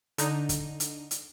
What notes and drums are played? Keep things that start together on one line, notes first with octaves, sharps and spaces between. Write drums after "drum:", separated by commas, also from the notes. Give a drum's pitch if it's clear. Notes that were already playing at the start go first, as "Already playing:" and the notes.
D3 D#4, drum: hi-hat
drum: kick, hi-hat
drum: hi-hat
drum: hi-hat